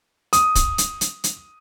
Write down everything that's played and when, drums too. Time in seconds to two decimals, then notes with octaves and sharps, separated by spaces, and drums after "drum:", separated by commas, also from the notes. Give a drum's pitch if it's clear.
0.33 D#6, drum: hi-hat
0.55 drum: kick, hi-hat
0.78 drum: hi-hat
1.01 drum: hi-hat
1.24 drum: hi-hat